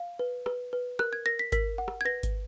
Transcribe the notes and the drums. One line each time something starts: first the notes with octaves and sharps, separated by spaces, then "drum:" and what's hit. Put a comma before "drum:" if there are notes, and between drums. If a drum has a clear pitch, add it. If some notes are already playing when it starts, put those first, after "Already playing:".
Already playing: F5
B4
B4, drum: rim click
B4
A#4 F#6, drum: rim click
G#6
A#4 A#6
B6
A#4 B6, drum: kick G#1, hi-hat
F#5
drum: rim click
G#6
B4 A#6
drum: kick G#1, hi-hat